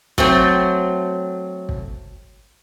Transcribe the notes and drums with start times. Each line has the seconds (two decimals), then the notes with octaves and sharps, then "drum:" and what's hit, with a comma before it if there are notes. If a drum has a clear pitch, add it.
0.18 F#3 A3 C4, drum: kick
1.69 drum: kick